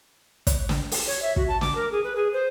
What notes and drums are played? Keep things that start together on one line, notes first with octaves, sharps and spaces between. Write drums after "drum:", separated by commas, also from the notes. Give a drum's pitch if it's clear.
drum: kick, hi-hat
drum: snare
drum: open hi-hat
C#5
E5
F#4, drum: kick
A5
D6, drum: snare
A#4
G#4
B4
G#4
C5